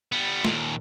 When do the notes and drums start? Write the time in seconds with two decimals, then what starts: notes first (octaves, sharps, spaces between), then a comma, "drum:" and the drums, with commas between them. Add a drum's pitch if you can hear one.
0.12 G3 B3
0.45 D#2 A#2, drum: snare